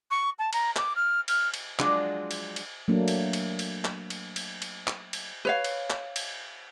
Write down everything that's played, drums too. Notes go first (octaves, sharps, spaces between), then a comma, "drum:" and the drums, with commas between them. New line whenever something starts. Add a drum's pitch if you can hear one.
C#6
A5
A#5, drum: cymbal
D6, drum: clap
F6
F6, drum: cymbal
drum: cymbal
F3 F#3 G#3 D4 F4, drum: clap
drum: cymbal
drum: cymbal
F#3 A3 A#3 D4
drum: cymbal
drum: cymbal
drum: cymbal
drum: clap
drum: cymbal
drum: cymbal
drum: cymbal
drum: clap
drum: cymbal
B4 C#5 F5
drum: cymbal
drum: clap
drum: cymbal